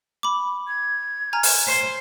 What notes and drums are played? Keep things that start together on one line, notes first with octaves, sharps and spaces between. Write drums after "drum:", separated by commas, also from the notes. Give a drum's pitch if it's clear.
B5 D6
G#6
G#5 A#5 F6
drum: open hi-hat
C5